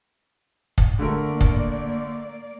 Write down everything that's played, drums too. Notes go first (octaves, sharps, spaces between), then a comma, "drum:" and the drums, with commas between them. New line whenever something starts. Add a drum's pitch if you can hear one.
drum: kick
D3 A3 A#3 A#4 D5
drum: kick